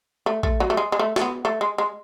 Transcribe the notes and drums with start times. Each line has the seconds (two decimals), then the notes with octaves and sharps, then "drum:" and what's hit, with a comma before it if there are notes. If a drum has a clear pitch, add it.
0.26 A3
0.43 A3, drum: kick
0.60 F#3
0.70 A3
0.77 G#3
0.92 G#3
0.99 A3
1.16 A3, drum: snare
1.21 B3
1.45 A3
1.61 G#3
1.78 G#3